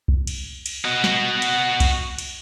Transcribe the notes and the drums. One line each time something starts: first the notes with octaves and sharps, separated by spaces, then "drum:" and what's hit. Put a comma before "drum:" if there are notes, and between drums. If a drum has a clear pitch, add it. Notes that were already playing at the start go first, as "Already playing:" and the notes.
drum: kick
drum: cymbal
drum: cymbal
F#4 D#5
drum: snare
drum: cymbal
drum: kick, cymbal
drum: cymbal